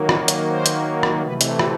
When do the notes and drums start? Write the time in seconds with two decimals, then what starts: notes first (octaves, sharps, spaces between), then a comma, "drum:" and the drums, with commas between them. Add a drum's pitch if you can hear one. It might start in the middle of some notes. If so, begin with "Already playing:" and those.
Already playing: D#3 F#3 A#3
0.09 C#5, drum: rim click
0.28 drum: hi-hat
0.47 C5
0.66 drum: hi-hat
1.03 drum: rim click
1.22 C3 E3 A3 B4
1.41 drum: hi-hat
1.59 drum: rim click